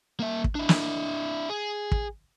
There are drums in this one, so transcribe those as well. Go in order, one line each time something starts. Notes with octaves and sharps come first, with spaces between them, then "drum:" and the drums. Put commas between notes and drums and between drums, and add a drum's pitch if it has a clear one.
A#3 E5
drum: kick
D4 E4
drum: snare
G#4
drum: kick